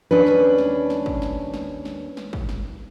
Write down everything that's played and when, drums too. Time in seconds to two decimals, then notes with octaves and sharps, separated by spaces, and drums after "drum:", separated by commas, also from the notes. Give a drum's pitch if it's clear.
0.11 D#2 C#4 D4 B4
0.27 drum: snare
0.58 drum: snare
0.90 drum: snare
1.06 drum: kick
1.22 drum: snare
1.54 drum: snare
1.85 drum: snare
2.17 drum: snare
2.33 drum: kick
2.49 drum: snare